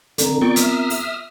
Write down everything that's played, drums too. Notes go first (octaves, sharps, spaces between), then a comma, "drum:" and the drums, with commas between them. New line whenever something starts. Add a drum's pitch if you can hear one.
D3 C4 A#4 A#5, drum: hi-hat
B3 F4 D5 G5 C#6
E5 D#6 F6, drum: hi-hat
drum: open hi-hat